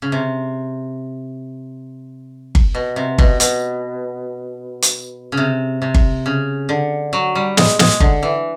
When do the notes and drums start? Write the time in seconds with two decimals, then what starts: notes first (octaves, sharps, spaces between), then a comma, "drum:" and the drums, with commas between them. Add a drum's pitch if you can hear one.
0.02 C#3
0.12 C3
2.55 drum: kick G1
2.75 B2
2.96 C3
3.19 B2, drum: kick G1
3.40 B2, drum: hi-hat
4.82 drum: hi-hat
5.32 C#3
5.37 C3
5.82 C3
5.95 drum: kick G1
6.26 C#3
6.69 D3
7.13 F#3
7.35 G3
7.57 G#3, drum: snare
7.79 G#3, drum: snare
8.00 D3, drum: kick G1
8.23 E3